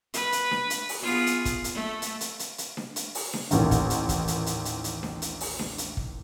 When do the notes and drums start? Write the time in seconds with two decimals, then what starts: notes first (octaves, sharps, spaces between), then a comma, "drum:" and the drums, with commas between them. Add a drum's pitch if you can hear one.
0.14 B4, drum: hi-hat
0.32 drum: hi-hat
0.51 drum: snare D4
0.70 drum: hi-hat
0.89 drum: open hi-hat
1.00 B3 F4 G#4
1.26 drum: hi-hat
1.45 drum: kick, hi-hat
1.64 drum: hi-hat
1.75 A3
2.02 drum: hi-hat
2.21 drum: hi-hat
2.39 drum: hi-hat
2.58 drum: hi-hat
2.77 drum: snare D4
2.96 drum: hi-hat
3.15 drum: open hi-hat
3.34 drum: snare D4
3.51 D#1 A1 D#3, drum: hi-hat
3.71 drum: kick, hi-hat
3.90 drum: hi-hat
4.09 drum: kick, hi-hat
4.28 drum: hi-hat
4.46 drum: hi-hat
4.65 drum: hi-hat
4.84 drum: hi-hat
5.03 drum: snare D4
5.22 drum: hi-hat
5.41 drum: open hi-hat
5.59 drum: snare D4
5.78 drum: hi-hat
5.97 drum: kick